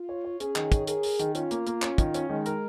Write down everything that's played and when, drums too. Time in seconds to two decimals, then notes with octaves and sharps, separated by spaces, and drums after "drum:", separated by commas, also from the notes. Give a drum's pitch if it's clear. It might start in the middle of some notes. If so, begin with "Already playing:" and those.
Already playing: F4
0.09 C#5
0.24 C#5
0.40 C#4 G#4, drum: hi-hat
0.56 D#3, drum: clap
0.72 C#5, drum: kick, hi-hat
0.87 G#4 A#4, drum: hi-hat
1.03 A#4, drum: open hi-hat
1.19 D#3, drum: hi-hat
1.35 C#4 F4, drum: hi-hat
1.51 A#3, drum: hi-hat
1.67 A#3, drum: hi-hat
1.82 C#4, drum: clap
1.98 D#3, drum: kick, hi-hat
2.14 C#4, drum: hi-hat
2.29 D#3 G#3
2.46 A#4, drum: hi-hat